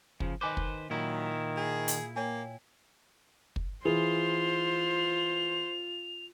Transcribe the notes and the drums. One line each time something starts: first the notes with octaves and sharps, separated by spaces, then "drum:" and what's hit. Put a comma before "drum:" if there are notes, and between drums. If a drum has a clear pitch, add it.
C#3 F3, drum: kick
D#3 B4 C5 D#5 G#5 D6
drum: kick
A#2 D#3 F#3 E4
G#4
drum: hi-hat
A#3 C#5 G5 G#5
drum: kick
E3 F4 G#4 C5 F7